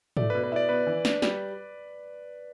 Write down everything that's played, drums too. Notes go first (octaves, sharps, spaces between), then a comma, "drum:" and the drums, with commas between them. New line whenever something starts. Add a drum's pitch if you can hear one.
A3 D5, drum: tom G#2
B4
B2
B4
E4 D5
B3 B4
E3
D4, drum: snare
G3, drum: snare